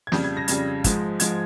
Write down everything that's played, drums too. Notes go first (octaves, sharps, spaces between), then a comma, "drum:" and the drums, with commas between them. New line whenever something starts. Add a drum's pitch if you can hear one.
G#6
F2 C#3 G3 G6, drum: snare
G#6
A#6
F2 C#3 G3 G#6, drum: hi-hat
G#2 F3 G#3, drum: kick, hi-hat
G#2 F3 G#3 G#6, drum: hi-hat